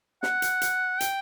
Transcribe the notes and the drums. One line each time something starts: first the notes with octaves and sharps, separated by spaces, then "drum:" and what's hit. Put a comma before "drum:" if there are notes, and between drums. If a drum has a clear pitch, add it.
F#5, drum: snare
drum: hi-hat
drum: hi-hat
G5, drum: hi-hat